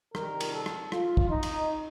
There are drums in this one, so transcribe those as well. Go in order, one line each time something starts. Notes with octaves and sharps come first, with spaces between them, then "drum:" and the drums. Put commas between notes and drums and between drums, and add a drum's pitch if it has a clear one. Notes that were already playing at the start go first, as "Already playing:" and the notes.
C3 D#3 G3 A#4, drum: rim click
drum: cymbal
A4
drum: rim click
F4, drum: rim click
drum: kick
D#4
drum: cymbal